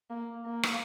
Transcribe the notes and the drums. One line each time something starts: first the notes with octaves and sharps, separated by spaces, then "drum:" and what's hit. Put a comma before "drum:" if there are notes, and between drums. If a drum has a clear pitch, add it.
A#3
A#3
drum: rim click